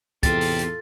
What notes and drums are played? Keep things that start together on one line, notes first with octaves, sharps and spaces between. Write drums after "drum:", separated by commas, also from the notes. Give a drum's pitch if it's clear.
E2 C4 F4 G4 A4 A6, drum: kick, hi-hat
drum: open hi-hat
drum: hi-hat